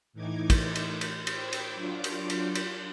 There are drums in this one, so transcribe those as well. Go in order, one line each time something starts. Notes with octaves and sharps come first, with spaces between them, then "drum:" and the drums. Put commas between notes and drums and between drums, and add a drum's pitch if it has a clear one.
A2 E3 D#4 D6 G#6
drum: kick, cymbal
drum: cymbal
drum: cymbal
C5 G5 B5 D6 E6 G#6, drum: cymbal
drum: cymbal
F#3 D4 F4 D6
drum: cymbal
drum: cymbal
drum: cymbal